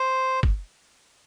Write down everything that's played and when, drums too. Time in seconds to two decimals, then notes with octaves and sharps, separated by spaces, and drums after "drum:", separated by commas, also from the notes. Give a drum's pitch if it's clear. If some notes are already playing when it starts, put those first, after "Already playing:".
Already playing: C5
0.43 drum: kick